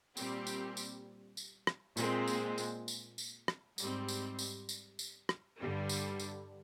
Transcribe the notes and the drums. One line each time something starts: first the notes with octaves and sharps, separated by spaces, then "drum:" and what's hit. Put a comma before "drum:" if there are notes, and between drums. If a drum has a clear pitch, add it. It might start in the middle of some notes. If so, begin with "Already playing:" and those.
A#2 G3 C4 G4, drum: tambourine
drum: tambourine
drum: tambourine
drum: tambourine
drum: rim click
A#2 G#3 C4, drum: tambourine
drum: tambourine
drum: tambourine
drum: tambourine
drum: tambourine
drum: rim click
G#2 G3 C4, drum: tambourine
drum: tambourine
drum: tambourine
drum: tambourine
drum: tambourine
drum: rim click
G2 D3 G3
drum: tambourine
drum: tambourine